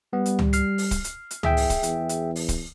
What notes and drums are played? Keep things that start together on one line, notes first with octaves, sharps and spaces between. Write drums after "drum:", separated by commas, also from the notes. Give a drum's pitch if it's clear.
G3 B3
drum: hi-hat
drum: tom C#2
F6 C7, drum: hi-hat
drum: open hi-hat
drum: kick, hi-hat
drum: hi-hat
drum: hi-hat
E2 G#4 E5 G5, drum: tom C#2
drum: open hi-hat
drum: kick, hi-hat
E2, drum: hi-hat
drum: hi-hat
drum: open hi-hat
drum: kick, hi-hat